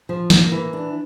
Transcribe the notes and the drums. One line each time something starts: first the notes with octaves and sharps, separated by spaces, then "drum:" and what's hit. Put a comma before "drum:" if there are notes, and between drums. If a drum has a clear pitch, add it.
F3
A#3, drum: snare
E3
D4